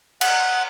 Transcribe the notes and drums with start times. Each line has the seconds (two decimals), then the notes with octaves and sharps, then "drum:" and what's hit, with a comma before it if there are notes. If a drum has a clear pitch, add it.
0.21 F#5, drum: cymbal